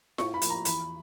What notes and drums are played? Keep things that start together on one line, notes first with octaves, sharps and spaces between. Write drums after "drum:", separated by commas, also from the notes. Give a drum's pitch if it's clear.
A2 C#6, drum: snare F4
B5
F3 A#3, drum: hi-hat
A#5
E2 B5, drum: hi-hat